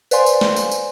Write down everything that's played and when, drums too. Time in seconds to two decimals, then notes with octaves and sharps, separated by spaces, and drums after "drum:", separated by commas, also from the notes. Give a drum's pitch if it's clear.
0.11 B4 C5 D5 F5 G#5 C6, drum: tambourine
0.26 drum: tambourine
0.41 drum: snare
0.56 drum: tambourine
0.71 drum: tambourine